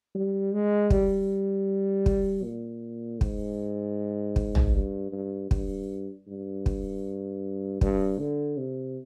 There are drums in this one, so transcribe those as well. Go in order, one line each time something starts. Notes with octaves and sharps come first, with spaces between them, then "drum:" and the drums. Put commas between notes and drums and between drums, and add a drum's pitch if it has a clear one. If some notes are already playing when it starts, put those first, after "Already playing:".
G3
G#3
G3, drum: kick
drum: kick
A#2
G#2, drum: kick
drum: kick
drum: tom
G2
G2
G2, drum: kick
G2
drum: kick
G2, drum: kick
D3
C3